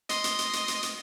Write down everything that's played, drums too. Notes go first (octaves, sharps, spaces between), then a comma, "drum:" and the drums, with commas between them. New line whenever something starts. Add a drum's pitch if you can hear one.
D#5 C6 D#6, drum: hi-hat
drum: hi-hat
drum: hi-hat
drum: hi-hat
drum: hi-hat
drum: hi-hat